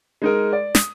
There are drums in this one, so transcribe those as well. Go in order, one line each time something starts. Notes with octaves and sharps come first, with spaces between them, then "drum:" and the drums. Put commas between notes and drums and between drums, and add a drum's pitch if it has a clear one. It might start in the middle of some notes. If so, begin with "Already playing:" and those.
G#3 D#4 A#4
D5
D#6, drum: snare